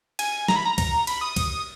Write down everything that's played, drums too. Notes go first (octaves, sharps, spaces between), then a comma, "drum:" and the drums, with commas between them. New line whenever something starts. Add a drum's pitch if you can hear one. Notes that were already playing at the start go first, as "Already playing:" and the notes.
G#5, drum: cymbal
A#5, drum: snare
B5
A#5
A#5, drum: kick C#2, cymbal
B5, drum: cymbal
D#6
drum: kick C#2, cymbal